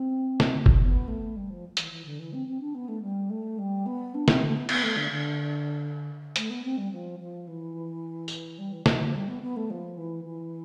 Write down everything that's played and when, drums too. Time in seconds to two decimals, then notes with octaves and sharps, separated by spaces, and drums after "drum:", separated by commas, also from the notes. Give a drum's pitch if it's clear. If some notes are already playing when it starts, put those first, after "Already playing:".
Already playing: C4
0.40 drum: snare
0.66 drum: kick F#1
0.80 B3
1.07 A3
1.36 G3
1.49 F3
1.77 E3, drum: hi-hat
1.91 E3
2.05 D3
2.19 E3
2.32 C4
2.47 C4
2.60 D4
2.74 B3
2.88 A3
3.02 G3
3.30 A3
3.58 G3
3.85 B3
4.14 D4
4.28 C4, drum: snare
4.41 A3
4.55 B3
4.69 B3, drum: cymbal
4.83 A3
4.96 D3
5.10 D3
6.36 A3, drum: hi-hat
6.50 B3
6.63 C4
6.77 G3
6.91 F3
7.19 F3
7.47 E3
8.28 drum: tambourine
8.58 G3
8.72 E3
8.86 E3, drum: snare
9.00 F3
9.14 G3
9.27 B3
9.42 B3
9.56 A3
9.70 F3
9.97 E3
10.24 E3